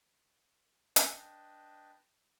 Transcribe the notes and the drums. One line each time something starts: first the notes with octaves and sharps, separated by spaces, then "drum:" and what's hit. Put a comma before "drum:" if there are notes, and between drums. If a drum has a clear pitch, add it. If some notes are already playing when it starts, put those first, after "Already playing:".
D4 B4 D#5 G5 A5, drum: hi-hat